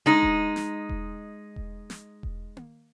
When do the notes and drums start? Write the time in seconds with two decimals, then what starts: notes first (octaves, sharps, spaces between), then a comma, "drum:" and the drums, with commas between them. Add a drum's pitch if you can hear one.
0.06 G#3 D#4
0.23 drum: kick E1
0.56 drum: snare
0.89 drum: kick E1
1.56 drum: kick E1
1.90 drum: snare
2.23 drum: kick E1
2.57 drum: tom A#3